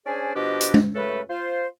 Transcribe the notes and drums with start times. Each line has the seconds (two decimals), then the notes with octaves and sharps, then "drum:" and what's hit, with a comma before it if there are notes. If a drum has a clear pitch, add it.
0.06 C#4 D4 G#4 C5 D5 G#5
0.35 B2 F3 D4 G4 B4 D#5
0.61 drum: hi-hat
0.74 drum: tom G#3
0.95 F#2 C#3 A3 A4 B4
1.30 F4 C5